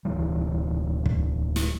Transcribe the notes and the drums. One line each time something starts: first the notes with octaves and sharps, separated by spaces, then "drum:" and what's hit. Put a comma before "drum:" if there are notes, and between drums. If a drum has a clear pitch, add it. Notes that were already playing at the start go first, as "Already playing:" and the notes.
D1 E3 G3
drum: kick
drum: snare